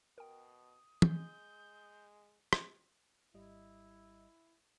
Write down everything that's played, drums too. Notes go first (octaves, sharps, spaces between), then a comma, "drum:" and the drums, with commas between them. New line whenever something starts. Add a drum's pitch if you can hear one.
B2 A#4 G5 D#6
G#3 G6, drum: tom
drum: rim click
G#1 G3 E4 D#5